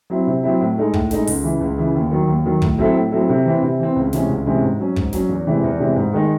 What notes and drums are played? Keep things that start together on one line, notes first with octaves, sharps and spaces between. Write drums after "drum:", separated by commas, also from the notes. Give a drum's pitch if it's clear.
F#3 C4 E4
C3
F#3 C4 E4
A2
G#3 D#4 A4
A2, drum: kick
G#3 D#4 A4, drum: snare
C#2, drum: open hi-hat
C#3 E3
C#2
C#3 E3
D#2
D#3 F#3
D#2
D#3 F#3
A2, drum: kick
F#3 C4 E4 A4
A2
F#3 C4 E4 A4
C3
E3 C4
C3
E3 C4
C#2
C3 E3 G#3 C#4, drum: snare
C#2
C3 E3 G#3 C#4
G#2
F#3 C#4
G#2, drum: kick
F#3 C#4, drum: snare
E2
C3 E3 G#3
E2
C3 E3 G#3
G#2
D#3 G#3 D#4